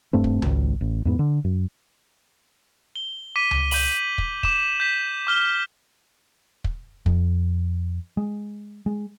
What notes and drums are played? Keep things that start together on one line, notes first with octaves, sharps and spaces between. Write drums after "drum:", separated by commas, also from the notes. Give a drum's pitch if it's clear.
D#1 G2 A3 C4
drum: kick
G#1 C#2, drum: tom C#2
A1
E2 G#2 B3
D3
F#2
G7
D6 B6 D#7
drum: tom C#2
G6 D#7 F#7, drum: open hi-hat
drum: kick
D6 E7, drum: kick
G6 B6
D6 F6 G7
drum: kick
F2, drum: kick
G#3
G#3